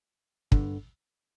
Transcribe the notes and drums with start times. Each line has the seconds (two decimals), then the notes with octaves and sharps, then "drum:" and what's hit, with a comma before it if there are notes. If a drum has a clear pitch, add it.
0.52 G1 G2 D3, drum: kick